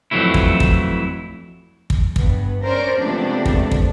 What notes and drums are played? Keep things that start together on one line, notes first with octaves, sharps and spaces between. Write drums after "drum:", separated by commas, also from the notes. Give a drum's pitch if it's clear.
F2 E3 F#3 A3 E4
drum: kick
drum: kick
drum: kick
G2 B3, drum: kick
C#4 A#4 C5 D5
C3 F3 G#3 A3 B3 D4
drum: kick
drum: kick